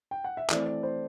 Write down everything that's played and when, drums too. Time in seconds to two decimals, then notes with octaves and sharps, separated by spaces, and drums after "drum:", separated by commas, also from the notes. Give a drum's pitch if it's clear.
0.11 G5
0.24 F#5
0.37 E5
0.50 E3 A3 C4 D5, drum: clap
0.66 D5
0.83 C5